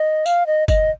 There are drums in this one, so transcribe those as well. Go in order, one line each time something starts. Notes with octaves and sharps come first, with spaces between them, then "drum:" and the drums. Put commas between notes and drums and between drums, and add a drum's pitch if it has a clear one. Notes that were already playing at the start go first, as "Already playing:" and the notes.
Already playing: D#5
F5, drum: tambourine
D#5
D#5, drum: kick F#1, tambourine